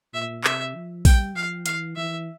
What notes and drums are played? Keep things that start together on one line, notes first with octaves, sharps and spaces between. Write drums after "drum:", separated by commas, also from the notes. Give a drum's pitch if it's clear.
A#2 E5
C3 E5, drum: clap
F3
G3 G5, drum: kick A#1, open hi-hat
F3 F5
E3 F5, drum: hi-hat
E3 E5